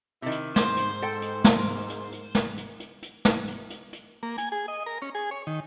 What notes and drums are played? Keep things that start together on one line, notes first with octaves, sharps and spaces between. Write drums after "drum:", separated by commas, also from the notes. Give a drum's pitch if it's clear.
C3 D#3 E4
drum: hi-hat
G#2 C5, drum: snare
drum: hi-hat
A4 G5
drum: hi-hat
drum: snare
A#4
drum: hi-hat
drum: hi-hat
drum: snare
drum: hi-hat
drum: hi-hat
drum: hi-hat
drum: snare
drum: hi-hat
drum: hi-hat
drum: hi-hat
A#3
G#5, drum: hi-hat
G#4
D#5
A#4
C#4
G#4
C#5
D#3